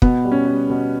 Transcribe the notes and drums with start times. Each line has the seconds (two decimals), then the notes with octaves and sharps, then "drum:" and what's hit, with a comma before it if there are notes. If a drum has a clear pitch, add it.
0.02 B2 B3, drum: kick
0.25 G3
0.32 C#4
0.47 G3
0.70 B2